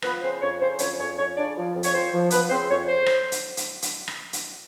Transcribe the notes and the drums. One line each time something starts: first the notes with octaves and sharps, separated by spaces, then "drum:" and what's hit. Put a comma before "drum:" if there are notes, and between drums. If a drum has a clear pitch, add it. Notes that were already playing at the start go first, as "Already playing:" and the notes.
F3 B3 B4, drum: rim click
C#3 C4 C5
F2 C#4 C#5
C#3 C4 C5
F2 C#4 C#5, drum: hi-hat
F2 C#4 C#5
F2 C#4 C#5
C#3 D4 D5
F3
F2
C#5, drum: hi-hat
F3 C4 C5
F3
F3 B3 B4, drum: hi-hat
C#3 C4 C5
F2 C#4 C#5
C5
drum: rim click
drum: hi-hat
drum: hi-hat
drum: hi-hat
drum: rim click
drum: hi-hat